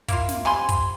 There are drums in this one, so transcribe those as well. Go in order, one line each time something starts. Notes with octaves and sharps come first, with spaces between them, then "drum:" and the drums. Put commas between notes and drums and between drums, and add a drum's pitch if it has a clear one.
A#3 E4 F4, drum: kick, hi-hat
drum: snare
C3 G#5 B5 C6
drum: kick, hi-hat